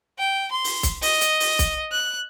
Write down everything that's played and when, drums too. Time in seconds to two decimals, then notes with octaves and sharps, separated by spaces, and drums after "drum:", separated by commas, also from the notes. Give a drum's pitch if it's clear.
0.18 G5
0.51 C6
0.64 drum: open hi-hat
0.83 drum: kick B1, hi-hat
1.02 D#5, drum: open hi-hat
1.21 drum: hi-hat
1.40 drum: open hi-hat
1.59 drum: kick B1, hi-hat
1.92 F#6